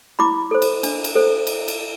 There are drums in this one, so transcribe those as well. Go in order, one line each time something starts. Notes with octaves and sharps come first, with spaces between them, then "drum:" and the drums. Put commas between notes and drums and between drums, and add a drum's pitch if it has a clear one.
E4 B5 D6
A4 C5
drum: cymbal
D4, drum: cymbal
drum: cymbal
A4 C5
drum: cymbal
drum: cymbal